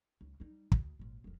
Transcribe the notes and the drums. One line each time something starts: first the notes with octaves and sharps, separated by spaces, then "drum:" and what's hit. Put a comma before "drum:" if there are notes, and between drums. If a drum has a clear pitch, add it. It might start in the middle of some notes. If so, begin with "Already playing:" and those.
C#2
G3 D#4
D2, drum: kick
G#1 A#2
D#1 F2